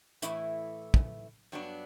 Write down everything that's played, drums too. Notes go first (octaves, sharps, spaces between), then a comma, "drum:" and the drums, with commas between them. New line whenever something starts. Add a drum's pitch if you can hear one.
A2 E3 A3 E4, drum: hi-hat
drum: kick
G2 F#3 B3 D4